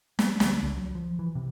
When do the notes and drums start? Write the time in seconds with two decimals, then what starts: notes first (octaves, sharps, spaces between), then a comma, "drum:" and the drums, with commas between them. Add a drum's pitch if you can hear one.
0.19 A#3, drum: snare
0.40 D2, drum: snare
0.63 C#2
0.77 F#3
0.95 F3
1.19 E3
1.35 C3